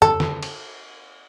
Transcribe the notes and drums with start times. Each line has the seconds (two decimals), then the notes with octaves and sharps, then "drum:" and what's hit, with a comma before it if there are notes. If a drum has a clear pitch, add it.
0.02 A4, drum: tom F2
0.20 drum: snare
0.43 drum: cymbal